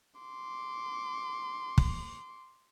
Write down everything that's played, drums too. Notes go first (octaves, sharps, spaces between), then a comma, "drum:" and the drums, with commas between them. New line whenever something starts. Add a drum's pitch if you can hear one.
C6 D6
drum: kick